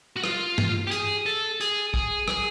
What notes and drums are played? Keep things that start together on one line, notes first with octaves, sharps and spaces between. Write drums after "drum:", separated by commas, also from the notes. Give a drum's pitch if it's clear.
F#4
F4, drum: rim click
drum: tom G2
G4
G#4, drum: hi-hat
A4
G#4, drum: hi-hat
G#4, drum: kick
G#4, drum: rim click